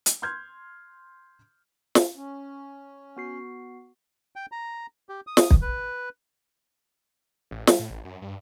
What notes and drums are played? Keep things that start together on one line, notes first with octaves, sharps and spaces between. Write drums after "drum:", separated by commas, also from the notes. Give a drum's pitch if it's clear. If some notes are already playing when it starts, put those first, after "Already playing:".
drum: hi-hat
C6 F6 G6 G#6
drum: snare
C#4
B3 F#4 C7
G5
A#5
G4
D#6
drum: snare
drum: kick
B4
A1
G3, drum: snare
A2
A1
F#2
G2